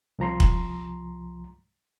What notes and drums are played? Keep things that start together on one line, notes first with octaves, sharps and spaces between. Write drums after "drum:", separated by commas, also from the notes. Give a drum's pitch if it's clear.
C2 F3 A#5 C6
drum: kick